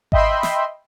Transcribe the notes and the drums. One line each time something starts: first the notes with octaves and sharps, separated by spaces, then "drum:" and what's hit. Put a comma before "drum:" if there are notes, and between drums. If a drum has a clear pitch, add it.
D#5 E5 G5 B5 C6, drum: kick G#1
drum: snare